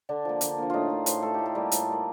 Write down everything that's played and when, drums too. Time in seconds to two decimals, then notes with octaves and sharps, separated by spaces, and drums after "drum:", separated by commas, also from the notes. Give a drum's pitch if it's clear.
0.09 D3 D4
0.25 F3 A#3
0.41 D3, drum: hi-hat
0.58 F3 A#3
0.70 A2 D#4 F4
0.90 A3
1.06 A2 C5, drum: hi-hat
1.23 A3 A4
1.34 A2 G4
1.46 A4
1.55 G3 A#3
1.72 A2, drum: hi-hat
1.88 G3 A#3